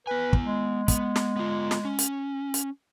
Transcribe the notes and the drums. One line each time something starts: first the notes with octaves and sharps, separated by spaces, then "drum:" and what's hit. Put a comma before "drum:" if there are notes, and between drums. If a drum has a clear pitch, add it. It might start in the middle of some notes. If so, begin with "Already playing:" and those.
B3 B4 G#5
drum: kick
G#3
B3, drum: kick, hi-hat
drum: snare
B3 F4
drum: snare
C#4
drum: hi-hat
drum: hi-hat